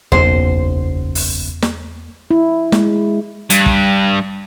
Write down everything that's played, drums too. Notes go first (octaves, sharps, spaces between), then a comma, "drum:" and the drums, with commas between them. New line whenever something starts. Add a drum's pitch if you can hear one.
F#1 B1 E2 C5
drum: open hi-hat
drum: snare
E4
G#3, drum: snare
G2, drum: hi-hat
drum: kick